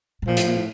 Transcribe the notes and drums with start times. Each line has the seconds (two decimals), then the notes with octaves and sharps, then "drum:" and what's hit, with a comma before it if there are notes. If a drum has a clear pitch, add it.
0.22 A2
0.27 A#2 F3
0.37 A2, drum: hi-hat
0.47 A#2
0.56 A2